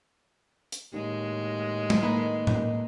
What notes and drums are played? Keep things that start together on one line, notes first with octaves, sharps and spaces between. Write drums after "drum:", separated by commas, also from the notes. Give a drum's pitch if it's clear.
drum: hi-hat
D#2 A2 G#3
drum: tom
D#3 A#3 B4 D#5
drum: tom A2